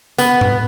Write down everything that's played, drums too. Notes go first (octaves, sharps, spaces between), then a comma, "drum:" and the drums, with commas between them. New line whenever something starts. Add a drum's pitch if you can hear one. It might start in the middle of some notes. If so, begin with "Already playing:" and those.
B3, drum: tambourine
drum: tom A2